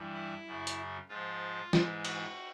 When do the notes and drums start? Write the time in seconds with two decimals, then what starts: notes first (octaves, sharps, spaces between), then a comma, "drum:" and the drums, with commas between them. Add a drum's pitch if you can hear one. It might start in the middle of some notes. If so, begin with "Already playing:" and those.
Already playing: G2 E3
0.14 E4
0.46 F#2 C#3 F#3
0.67 drum: hi-hat
1.09 G#2 F3 F4
1.73 G#2 E3, drum: snare
2.05 F#4, drum: cymbal